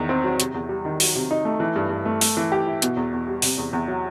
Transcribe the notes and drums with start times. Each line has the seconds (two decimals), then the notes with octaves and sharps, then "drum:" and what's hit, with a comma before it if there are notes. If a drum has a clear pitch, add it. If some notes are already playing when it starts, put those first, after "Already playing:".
Already playing: E2 D#3
0.09 C4
0.24 F#3
0.40 C3, drum: hi-hat
0.54 E2
0.69 G3
0.85 D#3
1.00 F#3, drum: open hi-hat
1.15 C3
1.31 D#4
1.45 A3
1.60 E3
1.76 G2
1.90 G2
2.05 A3
2.21 A3, drum: open hi-hat
2.37 E3
2.52 G4
2.67 E4
2.82 B2, drum: hi-hat
2.97 E2
3.12 E2
3.28 G3
3.42 C3, drum: open hi-hat
3.58 E2
3.73 E2
3.88 F#3